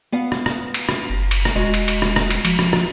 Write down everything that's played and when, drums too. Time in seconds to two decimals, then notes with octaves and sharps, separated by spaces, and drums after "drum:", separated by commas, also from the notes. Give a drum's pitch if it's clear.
0.12 B3 F5 F#5
0.32 drum: rim click
0.46 drum: rim click
0.74 drum: cymbal
0.89 drum: rim click
1.10 F#1
1.31 drum: cymbal
1.45 drum: rim click
1.55 E1 G#3 F#4
1.74 drum: cymbal
1.88 drum: cymbal
2.02 drum: rim click
2.16 drum: rim click
2.30 drum: cymbal
2.45 F3, drum: cymbal
2.59 drum: rim click
2.73 drum: rim click